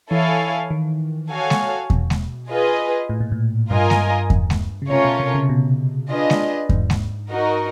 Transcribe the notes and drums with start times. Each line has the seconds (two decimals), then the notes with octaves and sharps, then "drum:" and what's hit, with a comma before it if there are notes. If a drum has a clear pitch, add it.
0.10 E3 E4 A4 C#5 F5 G#5
0.71 D#3
1.30 F#4 A4 C#5 F5 G#5
1.50 drum: snare G#3
1.90 B2, drum: kick E2
2.10 drum: snare G#3
2.50 F4 G#4 B4 D#5
3.09 A2
3.20 A#2
3.32 A2
3.70 G2 F4 A#4 D#5 G#5
3.90 drum: snare G#3
4.30 drum: kick E2
4.50 drum: snare G#3
4.82 C#3
4.90 C3 A3 C#4 F4 A#4 C#5
5.05 B2
5.20 C3
5.34 C#3
5.49 B2
6.10 D4 F4 G#4 B4 D#5
6.30 drum: snare G#3
6.69 G#2, drum: kick E2
6.90 drum: snare G#3
7.30 D#4 F#4 A#4 D#5